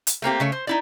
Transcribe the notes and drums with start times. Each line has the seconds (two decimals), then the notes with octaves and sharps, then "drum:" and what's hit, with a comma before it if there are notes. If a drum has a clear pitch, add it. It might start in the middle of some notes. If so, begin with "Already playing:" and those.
0.07 drum: hi-hat
0.22 A3 A#3 C4 G4
0.40 C#3 A3 C#5
0.52 C5
0.67 D#4 E4 D5